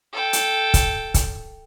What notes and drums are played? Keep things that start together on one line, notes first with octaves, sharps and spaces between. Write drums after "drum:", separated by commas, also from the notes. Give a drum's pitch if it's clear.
A4 G5
drum: hi-hat
drum: kick, hi-hat
drum: kick, hi-hat